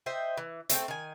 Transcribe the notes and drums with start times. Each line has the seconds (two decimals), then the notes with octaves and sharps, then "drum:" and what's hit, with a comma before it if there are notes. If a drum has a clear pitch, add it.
0.06 C5 D#5 E5 G5
0.37 E3
0.70 A3 C4 G5, drum: hi-hat
0.88 D#3 G#5